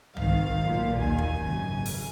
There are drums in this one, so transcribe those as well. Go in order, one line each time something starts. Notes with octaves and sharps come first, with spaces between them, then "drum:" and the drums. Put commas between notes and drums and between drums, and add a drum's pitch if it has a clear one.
G#1 G#2 D#3 F5, drum: tom
B1 A#2
D#2 D#3 G#5
drum: kick
G#1 F#2 C#3
drum: open hi-hat